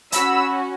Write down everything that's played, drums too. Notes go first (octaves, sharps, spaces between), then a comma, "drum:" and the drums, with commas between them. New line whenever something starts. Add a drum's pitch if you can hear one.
C#4 F#4 B5 E6, drum: hi-hat